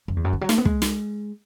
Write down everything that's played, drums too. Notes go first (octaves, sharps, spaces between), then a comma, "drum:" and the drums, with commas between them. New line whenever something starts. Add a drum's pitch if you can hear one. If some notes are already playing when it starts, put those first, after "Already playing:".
F#2
E2
F#2
D#3
F#3
A3, drum: snare
B3
G#3, drum: kick
drum: snare